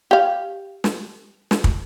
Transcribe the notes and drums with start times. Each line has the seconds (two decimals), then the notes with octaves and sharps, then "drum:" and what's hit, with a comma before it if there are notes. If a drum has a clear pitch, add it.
0.11 G4 F5
0.84 drum: snare
1.51 drum: snare
1.64 drum: kick